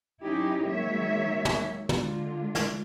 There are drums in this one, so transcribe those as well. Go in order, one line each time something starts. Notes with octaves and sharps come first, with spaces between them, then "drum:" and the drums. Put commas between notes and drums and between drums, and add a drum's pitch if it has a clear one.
F#3 C#4 D#4 E4 G4
D#3 F#3 G#3 A#3 C#5 E5
drum: tom
D3 G#3 F4, drum: tom
drum: snare